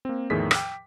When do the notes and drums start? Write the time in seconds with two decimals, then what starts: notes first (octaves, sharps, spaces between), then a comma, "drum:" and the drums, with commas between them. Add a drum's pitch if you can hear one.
0.05 A#3 C4
0.30 E2 A2 D#3 F3 G#4 B6
0.51 G5 D6, drum: rim click